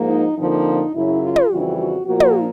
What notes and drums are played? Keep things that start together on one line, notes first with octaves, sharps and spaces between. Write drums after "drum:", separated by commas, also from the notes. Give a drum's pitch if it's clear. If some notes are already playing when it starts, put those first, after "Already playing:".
Already playing: G#2 F3 A#3
D#4
F2 D3 F3 A#3 D#4
F#2 C#3 F#3 E4
F4
drum: tom
F2 C#3 E3 G3 F#4
F#4
A#2 F3 A#3 F#4
drum: tom